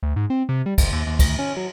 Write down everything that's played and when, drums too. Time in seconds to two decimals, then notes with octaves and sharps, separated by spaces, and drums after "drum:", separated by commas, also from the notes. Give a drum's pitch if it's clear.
0.03 D2
0.16 G#2
0.30 C4
0.49 C3
0.66 G3
0.78 F#1, drum: kick, cymbal
0.92 D#2
1.07 D#2
1.19 D2, drum: kick, cymbal
1.39 C#4
1.57 F#3